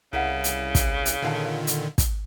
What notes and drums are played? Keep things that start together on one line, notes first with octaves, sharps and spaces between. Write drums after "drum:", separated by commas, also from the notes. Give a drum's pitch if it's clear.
C2 C#3 A#4 E5 F#5
drum: hi-hat
drum: kick, hi-hat
drum: hi-hat
A#2 D3 D#3 A#4 F5 A5
drum: hi-hat
drum: kick, hi-hat